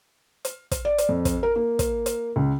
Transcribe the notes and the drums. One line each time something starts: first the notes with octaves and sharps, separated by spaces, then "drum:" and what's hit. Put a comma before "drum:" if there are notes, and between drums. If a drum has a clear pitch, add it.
drum: hi-hat
drum: kick, hi-hat
D5
drum: hi-hat
F2
drum: kick, hi-hat
A#4
A#3
drum: kick, hi-hat
drum: hi-hat
C#2